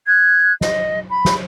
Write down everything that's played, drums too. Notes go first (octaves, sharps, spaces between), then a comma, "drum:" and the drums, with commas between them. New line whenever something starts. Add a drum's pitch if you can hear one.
F#6 G#6
D#5, drum: snare
B5
drum: snare